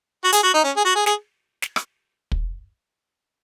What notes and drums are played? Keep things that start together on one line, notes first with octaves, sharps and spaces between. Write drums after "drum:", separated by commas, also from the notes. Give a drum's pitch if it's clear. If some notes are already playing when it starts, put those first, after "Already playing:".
F#4
G#4, drum: hi-hat
F#4
D#4
C#4
G#4
F#4
G#4
G#4, drum: snare
drum: snare
drum: rim click
drum: kick